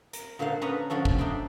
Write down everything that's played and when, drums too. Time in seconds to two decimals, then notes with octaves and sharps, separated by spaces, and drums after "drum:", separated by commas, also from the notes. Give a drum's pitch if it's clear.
0.13 A#4, drum: hi-hat
0.39 A#2 D3 A#3 C5 F5
0.62 C#4 D4 B4 C#5 D#5 A#5
0.90 D3 F3 C#4 A4
1.05 drum: kick
1.18 D4 D#4 C5 E5 G5 C6